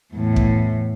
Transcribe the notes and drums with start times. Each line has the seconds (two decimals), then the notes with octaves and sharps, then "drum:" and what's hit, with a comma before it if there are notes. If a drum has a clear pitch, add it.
0.13 E2 A2
0.36 drum: kick